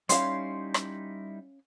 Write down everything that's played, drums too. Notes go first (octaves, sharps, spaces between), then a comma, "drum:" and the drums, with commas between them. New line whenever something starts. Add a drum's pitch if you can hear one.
G3 C#4 D#4 E4 F5 C6, drum: hi-hat
drum: rim click